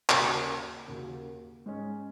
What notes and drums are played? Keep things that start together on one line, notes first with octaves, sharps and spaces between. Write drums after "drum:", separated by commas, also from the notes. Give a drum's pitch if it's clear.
D#2 C#3 A#3 C#4 F#4, drum: clap
D#2 C#3 A#3 F#4
G#2 G#3 C#4